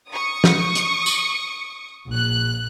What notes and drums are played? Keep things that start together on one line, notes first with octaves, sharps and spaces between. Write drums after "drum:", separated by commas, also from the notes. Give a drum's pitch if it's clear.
C#6 D#6
drum: snare
drum: hi-hat
drum: tambourine
A#1 F#6